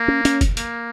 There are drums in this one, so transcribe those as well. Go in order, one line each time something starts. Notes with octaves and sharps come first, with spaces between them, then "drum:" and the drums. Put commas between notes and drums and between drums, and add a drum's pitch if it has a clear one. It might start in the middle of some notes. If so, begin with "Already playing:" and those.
Already playing: A#3
C#4
C#4, drum: hi-hat
drum: kick F#1, hi-hat
A#3, drum: hi-hat